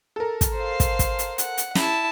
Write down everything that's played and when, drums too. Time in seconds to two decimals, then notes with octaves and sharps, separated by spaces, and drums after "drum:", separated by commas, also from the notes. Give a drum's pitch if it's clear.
0.16 A4 A#4
0.41 drum: kick, hi-hat
0.55 C5 F5
0.80 drum: kick, hi-hat
0.99 drum: kick, hi-hat
1.19 drum: hi-hat
1.38 F#5, drum: hi-hat
1.58 drum: hi-hat
1.75 E4 A5, drum: snare